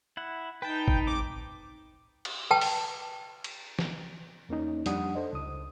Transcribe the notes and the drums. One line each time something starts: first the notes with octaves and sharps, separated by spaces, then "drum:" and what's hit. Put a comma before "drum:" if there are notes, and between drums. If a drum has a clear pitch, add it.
E4 F#5
D#4 B4 G5 A5
drum: kick
G#3 C4 D6
drum: cymbal
B4 G5 A5
drum: open hi-hat
drum: cymbal
drum: snare
E2 A#3 C#4 D#4
F2 G3 D4 F#5 D#6, drum: hi-hat
A4 C5 D#5
C#2 D#6